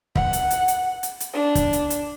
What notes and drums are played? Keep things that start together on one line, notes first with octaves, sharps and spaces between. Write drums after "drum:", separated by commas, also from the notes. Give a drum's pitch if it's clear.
F#5, drum: kick
drum: hi-hat
drum: hi-hat
drum: hi-hat
drum: hi-hat
drum: hi-hat
D4
drum: kick, hi-hat
drum: hi-hat
drum: hi-hat